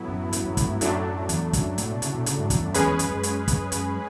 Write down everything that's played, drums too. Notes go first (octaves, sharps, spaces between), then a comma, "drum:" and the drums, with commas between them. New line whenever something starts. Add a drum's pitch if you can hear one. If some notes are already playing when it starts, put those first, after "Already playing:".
Already playing: A2 F#3 B3 E4
F#2
F#2, drum: hi-hat
F#2
F#2, drum: kick, hi-hat
G#2
F#2 A2 F#3 A3 D4, drum: hi-hat
E2, drum: hi-hat
F#2, drum: kick, hi-hat
A2, drum: hi-hat
B2
C#3, drum: hi-hat
B2
C#3, drum: hi-hat
G#2
E2, drum: kick, hi-hat
F#2
E2 G#3 C#4 G#4 B4, drum: hi-hat
E2
F#2, drum: hi-hat
F#2
drum: hi-hat
drum: kick, hi-hat
F#2, drum: hi-hat